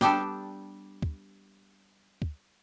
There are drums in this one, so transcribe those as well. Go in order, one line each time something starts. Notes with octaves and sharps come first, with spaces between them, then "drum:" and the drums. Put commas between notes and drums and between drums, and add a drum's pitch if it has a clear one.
G3 B3 D4 G4 A4, drum: snare
drum: kick
drum: kick